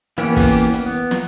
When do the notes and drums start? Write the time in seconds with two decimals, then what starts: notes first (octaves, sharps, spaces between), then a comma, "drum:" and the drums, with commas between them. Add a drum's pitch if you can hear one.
0.18 E3 A#3 B3 C#4 G4, drum: hi-hat
0.36 drum: kick, open hi-hat
0.74 drum: hi-hat
0.86 B3
1.11 drum: snare